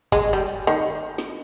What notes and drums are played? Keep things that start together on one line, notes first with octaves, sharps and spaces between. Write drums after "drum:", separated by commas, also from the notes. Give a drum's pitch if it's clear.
G#3, drum: kick G1
G3
D#3
drum: snare